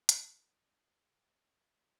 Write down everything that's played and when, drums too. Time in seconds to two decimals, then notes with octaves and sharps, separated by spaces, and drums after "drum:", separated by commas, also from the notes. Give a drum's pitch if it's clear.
0.09 C4 F5, drum: hi-hat
0.30 D5
0.40 D#4
0.50 D5
0.69 G#4
0.89 F5
1.09 G#4
1.28 D#5
1.49 D#5
1.69 F4